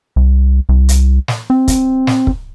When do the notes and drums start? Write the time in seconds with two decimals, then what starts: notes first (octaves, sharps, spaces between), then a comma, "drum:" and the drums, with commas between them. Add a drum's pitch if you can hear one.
0.16 C2
0.69 C2
0.89 drum: hi-hat
1.28 drum: snare
1.50 C4
1.68 drum: kick, hi-hat
2.07 drum: snare
2.27 drum: kick